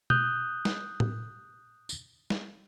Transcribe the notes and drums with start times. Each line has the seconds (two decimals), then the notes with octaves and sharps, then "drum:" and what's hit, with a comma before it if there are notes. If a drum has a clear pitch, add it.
0.10 D#6 F#6 G6, drum: tom B2
0.65 drum: snare
1.00 drum: tom A2
1.89 drum: tambourine
2.30 drum: snare